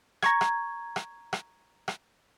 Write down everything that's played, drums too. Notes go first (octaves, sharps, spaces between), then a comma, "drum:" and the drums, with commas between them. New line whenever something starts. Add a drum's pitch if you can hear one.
A#5 C#6 G#6, drum: rim click
drum: rim click
drum: rim click
drum: rim click
drum: rim click